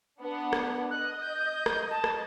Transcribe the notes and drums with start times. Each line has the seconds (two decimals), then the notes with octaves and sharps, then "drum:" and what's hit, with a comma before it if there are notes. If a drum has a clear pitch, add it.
0.22 B3 D4 F#5
0.53 drum: rim click
0.90 D#5 F#6
1.22 G6
1.66 drum: rim click
1.91 A5
2.04 drum: rim click